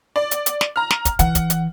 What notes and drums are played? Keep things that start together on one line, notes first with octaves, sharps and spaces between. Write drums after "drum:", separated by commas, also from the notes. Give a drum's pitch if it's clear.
D5
drum: hi-hat
drum: hi-hat
drum: snare
A#5 F6
drum: snare
drum: kick, hi-hat
E3 F#5, drum: hi-hat
drum: kick, hi-hat
drum: hi-hat